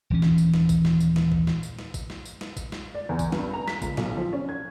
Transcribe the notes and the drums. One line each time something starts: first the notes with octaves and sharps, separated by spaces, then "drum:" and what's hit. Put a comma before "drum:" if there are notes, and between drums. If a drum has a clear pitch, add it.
D#1 E3 C#4
drum: snare
drum: tambourine
drum: snare
drum: kick, tambourine
drum: snare
drum: tambourine
drum: snare
drum: kick
drum: snare
drum: tambourine
drum: snare
drum: kick, tambourine
drum: snare
drum: tambourine
drum: snare
drum: kick, tambourine
drum: snare
D5
E2
drum: kick, tambourine
G2, drum: snare
A#5
B6, drum: snare
C#2, drum: kick, tambourine
B1, drum: snare
F3
C#4
G#6